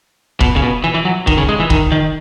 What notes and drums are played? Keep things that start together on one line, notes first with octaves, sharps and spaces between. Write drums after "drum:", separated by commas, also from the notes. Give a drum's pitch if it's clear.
B2, drum: kick
C#3
B2
E3
E3
F#3
D#3, drum: kick
C#3
G#3
E3
D#3, drum: kick
D#3